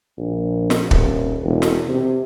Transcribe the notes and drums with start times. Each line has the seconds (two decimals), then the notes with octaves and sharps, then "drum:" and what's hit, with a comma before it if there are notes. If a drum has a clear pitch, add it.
0.18 A#1
0.70 drum: snare
0.91 D#1, drum: kick
1.43 E1
1.62 drum: snare
1.89 C3